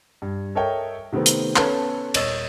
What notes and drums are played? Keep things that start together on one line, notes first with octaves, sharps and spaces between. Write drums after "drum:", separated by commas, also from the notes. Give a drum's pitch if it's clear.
G2
A4 A#4 C#5 D#5 E5 G5
C3 D#3 A3 B3 C4
drum: hi-hat
B3 C#4 A4 B4 C#5 A5, drum: clap
D#1 C#5 D#5 E6 A6, drum: cymbal